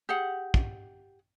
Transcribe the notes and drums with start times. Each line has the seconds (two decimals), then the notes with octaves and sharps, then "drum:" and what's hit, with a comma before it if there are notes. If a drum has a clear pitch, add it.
0.09 G4 G#4 F#5
0.54 drum: kick